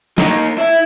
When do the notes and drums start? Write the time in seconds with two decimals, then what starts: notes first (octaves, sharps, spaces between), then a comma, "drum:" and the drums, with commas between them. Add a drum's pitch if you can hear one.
0.18 A#3 D#4, drum: snare
0.58 E4